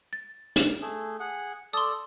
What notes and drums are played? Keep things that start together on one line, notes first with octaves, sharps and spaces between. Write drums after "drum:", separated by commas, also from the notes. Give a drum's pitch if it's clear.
A6
drum: hi-hat
A3 G#4
G#4 F#5
A4 D5 A5 C6 D#6